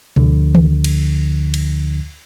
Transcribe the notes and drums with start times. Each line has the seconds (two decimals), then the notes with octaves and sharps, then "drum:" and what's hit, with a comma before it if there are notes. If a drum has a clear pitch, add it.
0.16 D2 D3 F3, drum: tom B2
0.55 drum: tom D#3
0.84 drum: cymbal
1.54 drum: cymbal